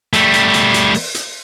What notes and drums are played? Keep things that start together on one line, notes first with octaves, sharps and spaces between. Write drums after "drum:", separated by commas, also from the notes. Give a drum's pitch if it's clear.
G3 A3, drum: hi-hat
drum: hi-hat
drum: hi-hat
drum: hi-hat
drum: open hi-hat
drum: hi-hat